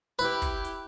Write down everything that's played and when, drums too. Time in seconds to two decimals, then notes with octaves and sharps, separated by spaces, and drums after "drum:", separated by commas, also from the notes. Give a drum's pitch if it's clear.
0.19 E4 G4 B4, drum: hi-hat
0.42 drum: kick, hi-hat
0.65 drum: hi-hat